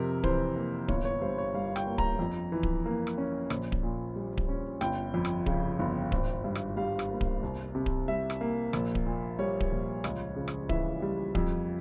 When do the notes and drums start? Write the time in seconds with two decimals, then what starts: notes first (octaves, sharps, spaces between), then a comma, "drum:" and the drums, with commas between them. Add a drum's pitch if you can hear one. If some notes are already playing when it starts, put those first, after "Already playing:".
Already playing: F2 C3 A#4
0.24 E3 C5, drum: kick D1
0.56 A#3
0.88 G1 C#5, drum: kick D1
1.05 C#5
1.22 G2 C5
1.38 C#5
1.54 G3 F5
1.76 G5, drum: rim click
1.87 A#3
1.98 A#5, drum: kick D1
2.19 F2
2.52 E3
2.63 drum: kick D1
2.86 A#3
3.07 drum: rim click
3.18 C#4
3.50 A#1, drum: rim click
3.72 drum: kick D1
3.83 A#2
4.16 G3
4.38 drum: kick D1
4.49 C#4
4.81 G1 G5, drum: rim click
5.14 F2
5.25 drum: rim click
5.46 C#3, drum: kick D1
5.79 G1
6.12 G#1, drum: kick D1
6.44 G2
6.55 drum: rim click
6.77 G3 F5
6.99 drum: rim click
7.10 A#3
7.21 drum: kick D1
7.43 C2
7.75 C3
7.86 drum: kick D1
8.08 G3 E5
8.30 drum: rim click
8.41 A#3
8.73 A#1, drum: rim click
8.95 drum: kick D1
9.06 A#2
9.39 G3 C#5
9.60 drum: kick D1
9.71 A#1
10.04 C#2, drum: rim click
10.36 C#3
10.48 drum: rim click
10.69 E3 E5, drum: kick D1
11.02 G3
11.35 F2, drum: kick D1